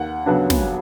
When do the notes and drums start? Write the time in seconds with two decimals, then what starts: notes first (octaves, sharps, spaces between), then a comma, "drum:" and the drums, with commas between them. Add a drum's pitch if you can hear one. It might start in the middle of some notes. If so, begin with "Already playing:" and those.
Already playing: D#2 F#5
0.26 C#3 F#3 B3 D4
0.50 drum: snare